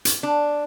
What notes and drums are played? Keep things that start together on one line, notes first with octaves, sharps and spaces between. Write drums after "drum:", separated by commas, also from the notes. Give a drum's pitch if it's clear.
drum: hi-hat
D4